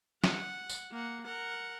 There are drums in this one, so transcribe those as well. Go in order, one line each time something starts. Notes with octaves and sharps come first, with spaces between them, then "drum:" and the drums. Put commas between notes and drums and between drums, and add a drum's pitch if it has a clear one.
F#5, drum: snare
drum: tambourine
A#3 F#5
A#4 F#5